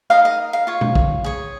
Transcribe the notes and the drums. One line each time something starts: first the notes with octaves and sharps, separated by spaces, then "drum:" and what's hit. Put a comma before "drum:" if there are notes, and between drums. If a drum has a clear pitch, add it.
D#4 A#4 D#5 F5
D#5
F5
F4 C#5
drum: tom B2
drum: kick
G#4 C#5